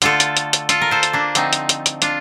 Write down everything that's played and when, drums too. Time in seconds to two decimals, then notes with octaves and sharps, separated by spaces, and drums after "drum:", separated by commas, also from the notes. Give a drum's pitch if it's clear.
0.02 D3 A3 F4 A4, drum: hi-hat
0.20 drum: hi-hat
0.37 drum: hi-hat
0.53 drum: hi-hat
0.69 F4 A4, drum: hi-hat
0.81 A#4
0.91 A4 C5
1.03 drum: hi-hat
1.13 A#3 D4
1.35 D3 F3 A3 C4 D#4, drum: hi-hat
1.53 drum: hi-hat
1.69 drum: hi-hat
1.86 drum: hi-hat
2.02 D4 F4, drum: hi-hat